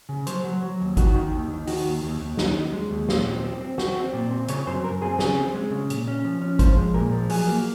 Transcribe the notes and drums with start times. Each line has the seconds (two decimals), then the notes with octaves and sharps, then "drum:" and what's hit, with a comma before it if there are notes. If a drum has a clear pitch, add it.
0.09 C#3
0.27 F#3 C5, drum: hi-hat
0.44 F#3
0.63 F#3
0.80 D#2
0.97 D#3 F#4, drum: kick G#1, hi-hat
1.15 D#3
1.32 D#2
1.51 D#3
1.67 D#3 F#4, drum: open hi-hat
1.85 D#2
2.03 D#2
2.21 D#2
2.37 D#2 D#4, drum: snare
2.55 D#2
2.73 G#3
2.91 D#2
3.08 A#2 F4, drum: snare
3.26 C4
3.44 C4
3.61 C4
3.78 C4 F#4, drum: snare
3.96 C4
4.13 A#2
4.31 C4
4.48 C#3 C#5, drum: hi-hat
4.67 F#2 C5
4.83 F#2 A#4
5.02 C4 G#4
5.19 C#3 G#4, drum: snare
5.36 C4
5.54 G#3
5.72 C#3
5.90 A#2, drum: hi-hat
6.08 C#4
6.25 F3
6.42 C#4
6.59 F3 C5, drum: kick G#1, hi-hat
6.77 G#3
6.94 A#2 A#4
7.12 F3
7.30 F#3 G#4, drum: open hi-hat
7.47 A#3